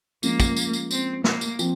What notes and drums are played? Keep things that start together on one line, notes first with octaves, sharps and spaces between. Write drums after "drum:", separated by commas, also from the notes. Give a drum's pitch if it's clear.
F3 G#3 A#3 C#4 F4, drum: tambourine
drum: kick, tambourine
drum: tambourine
drum: tambourine
C4, drum: tambourine
A#3, drum: snare
drum: tambourine
F3 C4, drum: tambourine